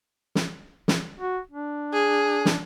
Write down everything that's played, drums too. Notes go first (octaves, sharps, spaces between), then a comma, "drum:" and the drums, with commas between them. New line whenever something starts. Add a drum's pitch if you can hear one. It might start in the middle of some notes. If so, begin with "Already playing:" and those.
drum: snare
drum: snare
F#4
D4
G#4
drum: snare